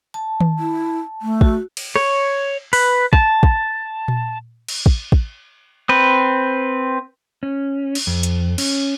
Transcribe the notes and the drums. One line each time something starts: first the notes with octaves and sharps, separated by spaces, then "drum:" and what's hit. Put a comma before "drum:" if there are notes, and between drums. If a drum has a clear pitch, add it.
A5
drum: tom D#3
E4
A3
F#4, drum: kick
drum: cymbal
C#5, drum: rim click
B4, drum: open hi-hat
A5, drum: kick
drum: kick
drum: tom A#2
drum: cymbal
drum: kick
drum: kick
C4 B4
C#4
drum: cymbal
F2
drum: hi-hat
C#4, drum: cymbal